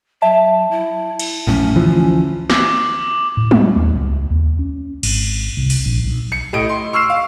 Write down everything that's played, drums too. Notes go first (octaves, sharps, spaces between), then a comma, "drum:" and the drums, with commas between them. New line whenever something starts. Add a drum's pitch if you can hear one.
F#3 E5 A5
E4
drum: cymbal
A#1 F#2 A2 C#4
D2 E3 F3
D6 F#7, drum: snare
A2
G#3, drum: tom
D#2
C#2
D#2
C#4
G#1, drum: cymbal
C2
drum: open hi-hat
A#1
B1
C#7
A2 D#5 D7
C6
C#6 E6 F6 C7 E7
F5